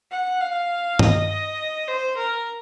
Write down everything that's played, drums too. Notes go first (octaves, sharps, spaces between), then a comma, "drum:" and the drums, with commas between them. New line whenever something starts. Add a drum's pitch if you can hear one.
F#5
F5
D#5, drum: tom G2
D#5
C5
A#4